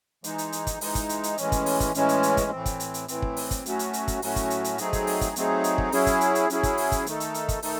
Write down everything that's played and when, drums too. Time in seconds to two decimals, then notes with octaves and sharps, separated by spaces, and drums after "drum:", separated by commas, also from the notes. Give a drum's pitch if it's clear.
0.24 E3 G#3 D#4, drum: hi-hat
0.38 drum: hi-hat
0.52 drum: hi-hat
0.67 drum: kick, hi-hat
0.81 E3 G#3 D#4, drum: open hi-hat
0.95 drum: kick, hi-hat
1.09 drum: hi-hat
1.23 drum: hi-hat
1.38 A2 E3 G#3 C#4, drum: hi-hat
1.52 drum: kick, hi-hat
1.66 drum: open hi-hat
1.80 drum: kick, hi-hat
1.95 A2 E3 G#3 C#4, drum: hi-hat
2.09 drum: hi-hat
2.23 drum: hi-hat
2.37 drum: kick, hi-hat
2.51 A2 E3 C4
2.66 drum: kick, hi-hat
2.80 drum: hi-hat
2.94 drum: hi-hat
3.08 A2 E3 C4, drum: hi-hat
3.22 drum: kick
3.37 drum: open hi-hat
3.51 drum: kick, hi-hat
3.66 A2 F#3 A3 C#4 F#4, drum: hi-hat
3.79 drum: hi-hat
3.93 drum: hi-hat
4.08 drum: kick, hi-hat
4.22 A2 F#3 A3 C#4 F#4, drum: open hi-hat
4.36 drum: kick, hi-hat
4.50 drum: hi-hat
4.64 drum: hi-hat
4.78 F#3 A3 C4 D#4 G#4, drum: hi-hat
4.93 drum: kick, hi-hat
5.07 drum: open hi-hat
5.21 drum: kick, hi-hat
5.36 F#3 A3 C4 D#4 G#4, drum: hi-hat
5.64 drum: hi-hat
5.78 drum: kick
5.92 F#3 C#4 E4 G#4, drum: open hi-hat
6.06 drum: kick, hi-hat
6.21 drum: hi-hat
6.35 drum: hi-hat
6.50 F#3 C#4 E4 G#4, drum: hi-hat
6.63 drum: kick, hi-hat
6.78 drum: open hi-hat
6.92 drum: kick, hi-hat
7.06 D#3 A3 D#4 A4, drum: hi-hat
7.20 drum: hi-hat
7.34 drum: hi-hat
7.49 drum: kick, hi-hat
7.62 D#3 A3 D#4 A4, drum: open hi-hat